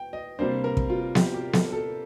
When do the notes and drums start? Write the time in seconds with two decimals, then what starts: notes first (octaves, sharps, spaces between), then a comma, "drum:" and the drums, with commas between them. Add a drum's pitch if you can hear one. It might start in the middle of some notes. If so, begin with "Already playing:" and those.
Already playing: G5
0.13 D#5
0.39 C3 G3 A#3 D4 C5
0.64 A#4
0.77 drum: kick
0.90 F4
1.15 G4, drum: snare B3
1.34 G4
1.53 A4, drum: snare B3
1.73 A4